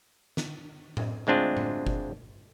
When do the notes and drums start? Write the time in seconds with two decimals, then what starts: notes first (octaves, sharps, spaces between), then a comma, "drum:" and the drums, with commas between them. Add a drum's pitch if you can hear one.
0.37 drum: snare
0.97 drum: tom A2
1.27 D2 G#3 C4 D4 F4
1.57 drum: tom A2
1.87 drum: kick F#1